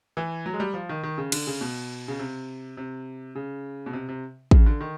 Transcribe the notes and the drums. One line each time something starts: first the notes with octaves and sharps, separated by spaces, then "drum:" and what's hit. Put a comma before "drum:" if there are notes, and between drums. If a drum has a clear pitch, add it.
E3
F#3
G#3
G3
F3
D#3
D#3
C#3
D3, drum: cymbal
C#3
B2
C#3
C3
C3
C#3
B2
C3
C3
C#3, drum: kick A1
D3
D#3